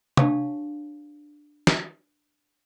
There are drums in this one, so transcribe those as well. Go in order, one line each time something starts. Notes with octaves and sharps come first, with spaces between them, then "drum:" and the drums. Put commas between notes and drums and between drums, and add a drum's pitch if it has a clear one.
D4 G4 C#5 F5 A5, drum: tom
drum: snare